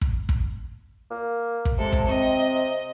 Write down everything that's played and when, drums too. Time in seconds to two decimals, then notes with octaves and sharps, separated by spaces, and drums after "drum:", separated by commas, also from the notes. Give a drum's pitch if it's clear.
0.01 drum: kick
0.29 drum: kick
1.11 A#3
1.65 drum: kick
1.79 C3 G#3 A4
1.93 drum: kick
2.08 C4 D#5